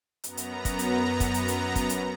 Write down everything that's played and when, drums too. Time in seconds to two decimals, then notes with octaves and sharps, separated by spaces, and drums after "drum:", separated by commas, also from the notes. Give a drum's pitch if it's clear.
0.24 F#2 B3 A#5, drum: hi-hat
0.37 drum: hi-hat
0.65 drum: kick, hi-hat
0.79 drum: hi-hat
1.20 drum: kick, hi-hat
1.34 drum: hi-hat
1.48 drum: hi-hat
1.76 drum: kick, hi-hat
1.89 drum: hi-hat